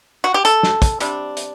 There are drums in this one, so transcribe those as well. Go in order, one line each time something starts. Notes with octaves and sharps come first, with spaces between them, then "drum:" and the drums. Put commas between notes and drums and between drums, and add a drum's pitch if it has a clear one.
F#4
G4
A4, drum: hi-hat
drum: snare
drum: kick, hi-hat
C3 G3 D4, drum: hi-hat
drum: hi-hat